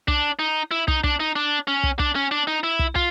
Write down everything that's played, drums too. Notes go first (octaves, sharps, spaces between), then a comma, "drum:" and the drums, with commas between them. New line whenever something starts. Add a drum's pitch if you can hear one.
D4, drum: kick
D#4
E4
D#4, drum: kick
D4, drum: kick
D#4
D4
C#4
drum: kick
D4, drum: kick
C#4
D4
D#4
E4
drum: kick
F4, drum: kick